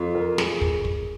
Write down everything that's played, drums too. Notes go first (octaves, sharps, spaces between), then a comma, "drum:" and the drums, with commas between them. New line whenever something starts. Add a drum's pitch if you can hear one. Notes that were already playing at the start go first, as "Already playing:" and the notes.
Already playing: F2
A#4
G#4, drum: snare
drum: kick
drum: kick